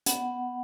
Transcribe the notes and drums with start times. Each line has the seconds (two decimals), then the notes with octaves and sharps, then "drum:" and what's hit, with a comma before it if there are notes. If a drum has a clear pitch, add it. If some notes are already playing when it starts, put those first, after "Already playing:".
0.06 B3 F#5, drum: hi-hat